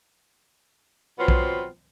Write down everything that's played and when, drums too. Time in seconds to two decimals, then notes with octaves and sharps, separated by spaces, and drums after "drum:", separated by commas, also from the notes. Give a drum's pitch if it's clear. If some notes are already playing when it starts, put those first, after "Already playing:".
1.18 B2 F#3 B3 C4 F4
1.28 drum: kick B1